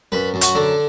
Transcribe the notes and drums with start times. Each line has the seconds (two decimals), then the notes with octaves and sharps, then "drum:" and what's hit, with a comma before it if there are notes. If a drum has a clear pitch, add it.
0.12 F#2 B4
0.34 F#2
0.41 F#4, drum: hi-hat
0.55 D3 D4